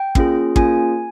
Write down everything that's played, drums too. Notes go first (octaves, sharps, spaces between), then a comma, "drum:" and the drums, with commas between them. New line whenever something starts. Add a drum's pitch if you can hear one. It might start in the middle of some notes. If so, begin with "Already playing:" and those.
Already playing: G5
A#3 C#4 F4 G#4, drum: kick
A#3 C#4 F4 G#4 G#5, drum: kick